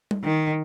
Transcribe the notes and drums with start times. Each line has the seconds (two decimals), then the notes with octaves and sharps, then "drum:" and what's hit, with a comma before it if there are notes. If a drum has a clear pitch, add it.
0.11 drum: tom G3
0.24 D#3